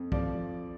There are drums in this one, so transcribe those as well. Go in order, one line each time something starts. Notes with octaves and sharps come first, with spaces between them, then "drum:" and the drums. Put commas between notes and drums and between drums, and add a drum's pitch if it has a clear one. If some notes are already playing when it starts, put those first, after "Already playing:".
Already playing: F2
F3 D5, drum: kick